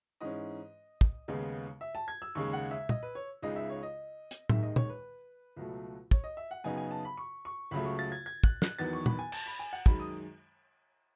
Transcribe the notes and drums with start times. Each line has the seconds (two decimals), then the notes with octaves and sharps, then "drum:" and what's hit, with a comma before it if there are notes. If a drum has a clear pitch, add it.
0.20 G#2 E3 G#3 C#4 D#5
1.01 drum: kick
1.28 D#2 C#3 G#3 B3 D#4
1.81 E5
1.95 A5
2.08 G#6
2.22 E6
2.35 D#2 C#3 G#3 C#6
2.53 F#5
2.71 E5
2.89 D#5, drum: tom
3.03 B4
3.15 C#5
3.42 C#2 C#3 G#3 D#4 D#5
3.56 E5
3.70 C#5
3.83 D#5
4.31 drum: hi-hat
4.49 D#2 D#3 G#3 E5, drum: tom A2
4.63 D#5
4.76 C#5, drum: tom
4.89 B4
5.57 C#2 B2 F#3 A3
6.11 C#5, drum: kick
6.24 D#5
6.37 E5
6.51 F#5
6.64 F#2 C#3 F#3 B3 D#4 G#5
6.77 G#5
6.91 A5
7.05 B5
7.18 C#6
7.45 C#6
7.71 C#2 C#3 F#3 A3 B5
7.85 C#6
7.99 A6
8.12 G#6
8.26 G#6
8.44 F#6, drum: kick
8.62 F#6, drum: snare
8.79 E2 D#3 F#3 B3 A6
8.93 C#6
9.06 B5, drum: tom
9.19 G#5
9.32 A5, drum: cymbal
9.46 B5
9.59 G#5
9.73 F#5
9.86 F#2 D#3 G#3 B5, drum: kick
10.00 D#6